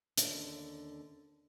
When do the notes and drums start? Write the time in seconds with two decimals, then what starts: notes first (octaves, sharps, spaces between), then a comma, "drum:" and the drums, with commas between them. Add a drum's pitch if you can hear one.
0.18 D#2 D3 C#4, drum: hi-hat